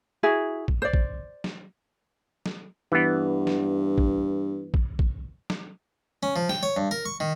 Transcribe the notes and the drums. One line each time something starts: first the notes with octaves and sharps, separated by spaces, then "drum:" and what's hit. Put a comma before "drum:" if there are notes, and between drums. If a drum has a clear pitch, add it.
E4 F#4 G#4 E5
drum: kick
C5 D5
drum: kick
drum: snare
drum: snare
G2 E3 B3
drum: snare
drum: kick
drum: kick
drum: kick
drum: snare
C#4
F3
G5, drum: snare
C#5
G2
A#4
C#6
D#3